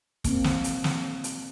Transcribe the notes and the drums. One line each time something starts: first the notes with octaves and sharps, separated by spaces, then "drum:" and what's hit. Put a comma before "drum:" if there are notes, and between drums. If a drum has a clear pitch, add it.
A#3 C4, drum: kick, hi-hat
drum: snare
drum: hi-hat
drum: snare
drum: hi-hat